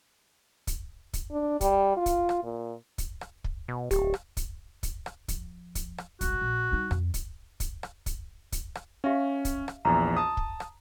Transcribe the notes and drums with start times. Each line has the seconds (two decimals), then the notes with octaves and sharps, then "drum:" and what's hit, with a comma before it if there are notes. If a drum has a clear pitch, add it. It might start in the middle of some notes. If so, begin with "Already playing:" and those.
0.67 drum: kick, hi-hat
1.13 drum: kick, hi-hat
1.31 D4
1.61 G3, drum: kick, hi-hat
1.96 F4
2.06 drum: kick, hi-hat
2.29 drum: rim click
2.43 A#2
2.98 drum: kick, hi-hat
3.21 drum: rim click
3.44 drum: kick
3.68 B2
3.91 D1 G4, drum: kick, hi-hat
4.14 drum: rim click
4.37 drum: kick, hi-hat
4.83 drum: kick, hi-hat
5.06 drum: rim click
5.28 F3, drum: kick, hi-hat
5.75 drum: kick, hi-hat
5.98 drum: rim click
6.21 F#1 C2 F#4, drum: kick, hi-hat
6.41 A#1
6.72 G3 D#4
6.91 F2, drum: rim click
7.14 drum: kick, hi-hat
7.60 drum: kick, hi-hat
7.83 drum: rim click
8.06 drum: kick, hi-hat
8.52 drum: kick, hi-hat
8.75 drum: rim click
9.04 C#4 G4 E5 F5
9.45 drum: kick, hi-hat
9.68 drum: rim click
9.85 A#1 E2 A#5
10.17 A5 D#6
10.37 drum: kick
10.60 drum: rim click